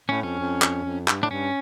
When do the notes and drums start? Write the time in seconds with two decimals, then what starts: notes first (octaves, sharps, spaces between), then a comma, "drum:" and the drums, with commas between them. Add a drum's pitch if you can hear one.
0.09 A2 C#4
0.23 F2 C#4
0.40 F2
0.62 drum: clap
0.84 F2
1.08 G2, drum: clap
1.22 A2 D4
1.31 G2 C#4